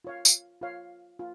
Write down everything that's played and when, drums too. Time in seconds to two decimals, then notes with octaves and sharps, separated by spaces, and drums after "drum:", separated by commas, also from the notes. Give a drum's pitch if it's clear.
0.04 F4 C#5 F5
0.25 drum: tambourine
0.61 F4 C#5 F5
1.19 F4